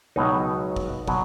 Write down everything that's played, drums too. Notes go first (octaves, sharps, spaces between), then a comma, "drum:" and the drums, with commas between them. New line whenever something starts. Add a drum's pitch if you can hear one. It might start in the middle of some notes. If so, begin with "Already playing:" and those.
C#2 B2 F#3 D#4
drum: kick
B2 F#3, drum: kick